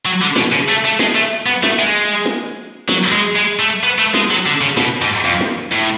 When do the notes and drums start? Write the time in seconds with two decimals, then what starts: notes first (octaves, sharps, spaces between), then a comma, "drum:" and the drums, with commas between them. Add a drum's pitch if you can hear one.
0.05 F#3
0.21 D3
0.36 B2, drum: snare
0.52 C#3
0.69 A3
0.84 A3
0.99 G#3, drum: snare
1.15 A3
1.46 B3
1.63 A3, drum: snare
1.79 G#3
2.26 drum: snare
2.89 F#3, drum: snare
3.12 G#3
3.36 G#3
3.59 A3
3.83 B3
3.98 A3
4.14 G#3, drum: snare
4.30 F#3
4.46 D3
4.61 C#3
4.77 B2, drum: snare
5.02 G#2
5.25 F2
5.41 drum: snare
5.72 A2